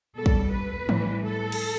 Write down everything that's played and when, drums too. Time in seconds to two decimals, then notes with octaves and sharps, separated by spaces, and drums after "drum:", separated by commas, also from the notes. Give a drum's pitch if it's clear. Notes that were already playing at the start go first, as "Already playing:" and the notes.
0.17 B2 G3 A4
0.26 drum: kick
0.53 B4
0.89 A2 E3 G3, drum: tom E3
1.25 A4
1.52 drum: cymbal